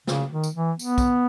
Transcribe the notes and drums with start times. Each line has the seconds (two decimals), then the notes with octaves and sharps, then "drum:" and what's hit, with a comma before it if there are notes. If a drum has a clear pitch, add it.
0.07 C#3, drum: snare
0.32 D#3
0.44 drum: tambourine
0.56 E3
0.79 B3, drum: tambourine
0.98 drum: kick, tambourine